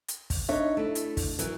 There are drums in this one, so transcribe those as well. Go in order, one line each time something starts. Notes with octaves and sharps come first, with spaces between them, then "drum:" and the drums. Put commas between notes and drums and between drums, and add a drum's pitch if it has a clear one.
drum: hi-hat
drum: kick, open hi-hat
D4 D#4 C#5 E5
A3 E4
drum: hi-hat
drum: kick, open hi-hat
F#2 E3, drum: hi-hat